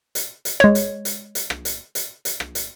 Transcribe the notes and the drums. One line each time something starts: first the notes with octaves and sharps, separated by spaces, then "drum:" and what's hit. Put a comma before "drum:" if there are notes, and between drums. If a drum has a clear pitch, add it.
drum: hi-hat
drum: hi-hat
G#3 C#5, drum: rim click
drum: hi-hat
drum: hi-hat
drum: hi-hat
drum: rim click
drum: hi-hat
drum: hi-hat
drum: hi-hat
drum: rim click
drum: hi-hat